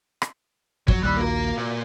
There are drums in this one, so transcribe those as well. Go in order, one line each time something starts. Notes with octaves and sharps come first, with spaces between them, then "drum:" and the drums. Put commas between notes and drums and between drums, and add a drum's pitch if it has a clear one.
drum: rim click
F2 F#3, drum: kick
A#1 D#2 G3 B5 E6 F#6
A#3 F4 F#4 A#4
A#2